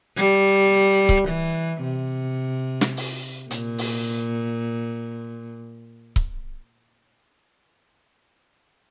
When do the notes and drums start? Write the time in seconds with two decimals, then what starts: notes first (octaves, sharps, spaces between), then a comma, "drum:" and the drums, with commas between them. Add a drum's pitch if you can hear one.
0.17 G3
1.09 drum: kick C#1
1.28 E3
1.83 C3
2.81 drum: snare
2.97 drum: open hi-hat
3.51 A#2, drum: hi-hat
3.78 drum: open hi-hat
6.16 drum: kick C#1